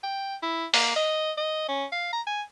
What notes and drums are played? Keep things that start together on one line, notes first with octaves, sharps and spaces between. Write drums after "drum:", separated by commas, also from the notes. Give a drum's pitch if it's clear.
G5
E4
A#3, drum: open hi-hat
D#5
D#5
C#4
F5
A#5
G#5